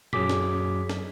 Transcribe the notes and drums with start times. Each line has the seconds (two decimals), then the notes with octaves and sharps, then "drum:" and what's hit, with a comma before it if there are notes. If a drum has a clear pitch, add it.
0.13 F#2 F#3 G#4 D6 B6, drum: tom A#2
0.29 drum: snare
0.90 drum: snare